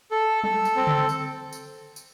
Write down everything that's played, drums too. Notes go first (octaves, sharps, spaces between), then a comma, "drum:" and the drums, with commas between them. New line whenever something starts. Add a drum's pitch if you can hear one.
A4
A4, drum: tom F#3
drum: tambourine
C4
drum: tom C#3
drum: tambourine
drum: tambourine
drum: tambourine